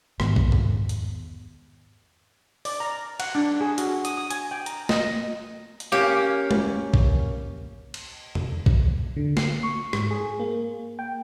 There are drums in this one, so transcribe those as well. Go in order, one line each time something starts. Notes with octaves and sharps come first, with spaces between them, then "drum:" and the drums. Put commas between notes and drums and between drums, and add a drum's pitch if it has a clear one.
G#2 D#3 B3, drum: rim click
drum: kick A#1
drum: tom E2
drum: hi-hat
D5, drum: open hi-hat
A#5
F#5, drum: cymbal
D4
G#4
F#4, drum: hi-hat
D#6, drum: hi-hat
D#6
G#5, drum: hi-hat
G5
A#5, drum: hi-hat
D#5, drum: snare
drum: hi-hat
A#3 C#4 G4
drum: tom
drum: kick A#1
drum: cymbal
drum: tom E2
drum: kick A#1
D3
C7, drum: snare
C#6
G#2, drum: rim click
G#4
A#3
G5